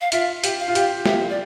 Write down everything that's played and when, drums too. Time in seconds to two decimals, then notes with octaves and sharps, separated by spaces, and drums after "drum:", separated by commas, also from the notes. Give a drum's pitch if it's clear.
0.01 F5
0.12 F4 E5, drum: hi-hat
0.44 G4, drum: hi-hat
0.60 F5
0.68 F4
0.75 G4, drum: hi-hat
1.06 G4 E5, drum: snare
1.30 D5